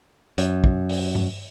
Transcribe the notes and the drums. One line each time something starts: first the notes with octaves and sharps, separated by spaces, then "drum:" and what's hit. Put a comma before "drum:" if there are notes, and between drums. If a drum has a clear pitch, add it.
F#2, drum: hi-hat
drum: kick
drum: open hi-hat
drum: tom G2